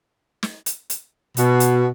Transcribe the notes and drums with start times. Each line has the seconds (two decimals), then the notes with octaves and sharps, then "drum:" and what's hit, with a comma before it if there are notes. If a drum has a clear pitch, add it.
0.43 drum: snare
0.66 drum: hi-hat
0.90 drum: hi-hat
1.37 B2, drum: hi-hat
1.60 drum: hi-hat